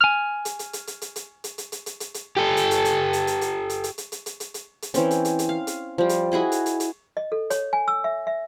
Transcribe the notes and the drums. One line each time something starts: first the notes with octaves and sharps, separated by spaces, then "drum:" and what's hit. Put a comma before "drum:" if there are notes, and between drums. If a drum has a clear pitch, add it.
G#5 F6
drum: hi-hat
drum: hi-hat
drum: hi-hat
drum: hi-hat
drum: hi-hat
drum: hi-hat
drum: hi-hat
drum: hi-hat
drum: hi-hat
drum: hi-hat
drum: hi-hat
drum: hi-hat
G4 A4
drum: hi-hat
drum: hi-hat
drum: hi-hat
drum: hi-hat
drum: hi-hat
drum: hi-hat
drum: hi-hat
drum: hi-hat
drum: hi-hat
drum: hi-hat
drum: hi-hat
drum: hi-hat
drum: hi-hat
drum: hi-hat
E3 C4 C#4, drum: hi-hat
drum: hi-hat
drum: hi-hat
drum: hi-hat
F5
drum: hi-hat
F3 G3
drum: hi-hat
E4 F#4 G#4 D#5
drum: hi-hat
drum: hi-hat
drum: hi-hat
D#5
A4
C#5, drum: hi-hat
G#5
E6
E5
E5